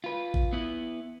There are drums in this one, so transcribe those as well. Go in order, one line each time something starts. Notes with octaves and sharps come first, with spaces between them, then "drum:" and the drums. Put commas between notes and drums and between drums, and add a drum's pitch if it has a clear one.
F4 B4
drum: kick A1
B3 E4